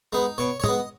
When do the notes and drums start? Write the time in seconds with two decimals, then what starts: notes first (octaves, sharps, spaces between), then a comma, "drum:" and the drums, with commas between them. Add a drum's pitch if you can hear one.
0.13 G#3 B3 D#4
0.38 B2 C#5
0.60 C#5
0.64 G#3 B3 D#5, drum: tom